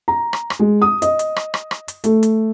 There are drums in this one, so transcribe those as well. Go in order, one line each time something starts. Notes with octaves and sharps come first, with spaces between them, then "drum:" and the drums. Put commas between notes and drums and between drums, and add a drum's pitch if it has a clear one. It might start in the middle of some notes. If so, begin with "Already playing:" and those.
A#5
drum: rim click
drum: rim click
G#3
D#6
D#5, drum: hi-hat
drum: hi-hat
drum: rim click
drum: rim click
drum: rim click
drum: hi-hat
A3, drum: hi-hat
drum: hi-hat